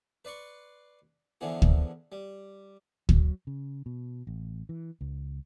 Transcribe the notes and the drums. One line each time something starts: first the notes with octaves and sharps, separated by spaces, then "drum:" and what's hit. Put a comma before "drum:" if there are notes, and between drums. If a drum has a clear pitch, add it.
B4 D5 C6 C#6
D3 E3 F3 B3 G#4
drum: kick
G3
F#3, drum: kick
C#3
B2
A1
E3
C#2